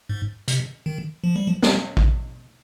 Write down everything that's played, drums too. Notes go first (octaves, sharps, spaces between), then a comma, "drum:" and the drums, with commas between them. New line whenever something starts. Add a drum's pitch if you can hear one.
G#2
C3, drum: hi-hat
D#3
F3
G3
F3
G3, drum: snare
drum: kick A1